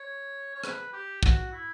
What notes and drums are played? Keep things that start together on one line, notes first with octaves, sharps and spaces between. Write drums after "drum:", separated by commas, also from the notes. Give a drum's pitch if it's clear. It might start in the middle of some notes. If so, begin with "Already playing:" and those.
Already playing: C#5
C#5
B4, drum: rim click
G4
F#4, drum: kick
E4